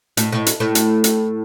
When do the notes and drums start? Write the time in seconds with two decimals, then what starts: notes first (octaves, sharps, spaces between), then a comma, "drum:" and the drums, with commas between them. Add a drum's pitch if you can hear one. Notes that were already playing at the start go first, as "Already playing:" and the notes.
0.17 A2, drum: hi-hat
0.32 A2
0.46 drum: hi-hat
0.60 A2
0.75 drum: hi-hat
1.04 drum: hi-hat